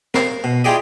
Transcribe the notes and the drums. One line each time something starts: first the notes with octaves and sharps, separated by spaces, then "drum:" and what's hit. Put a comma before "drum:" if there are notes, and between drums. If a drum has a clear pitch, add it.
A#4 F5, drum: snare
B2
E4 F4 G4 G#4 D5 D#5